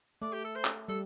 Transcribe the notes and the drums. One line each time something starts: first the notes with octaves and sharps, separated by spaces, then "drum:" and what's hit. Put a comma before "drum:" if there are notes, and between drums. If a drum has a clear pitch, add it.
A3 D5
G4
A4
C5
drum: clap
G3 A4